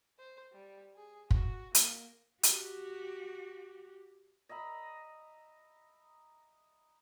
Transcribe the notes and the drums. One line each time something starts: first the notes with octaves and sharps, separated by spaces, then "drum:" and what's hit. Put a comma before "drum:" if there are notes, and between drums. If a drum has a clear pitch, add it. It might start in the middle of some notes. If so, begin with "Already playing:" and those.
C5
G3
G#4
F#4, drum: kick
A#3, drum: hi-hat
F#4 G4, drum: hi-hat
D#5 E5 A#5 B5